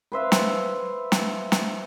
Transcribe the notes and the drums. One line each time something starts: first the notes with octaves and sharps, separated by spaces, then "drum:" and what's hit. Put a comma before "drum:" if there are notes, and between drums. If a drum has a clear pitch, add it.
B4 C5 E5 F5
drum: snare
drum: snare
drum: snare